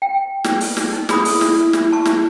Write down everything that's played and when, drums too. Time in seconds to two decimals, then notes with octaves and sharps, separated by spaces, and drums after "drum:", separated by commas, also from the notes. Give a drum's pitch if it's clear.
0.02 G5
0.44 drum: snare
0.61 drum: open hi-hat
0.77 drum: snare
0.93 D#4
1.09 E4 G#4 B5 D#6, drum: snare
1.25 drum: open hi-hat
1.41 drum: snare
1.73 drum: snare
1.92 A5 C#6
2.05 drum: snare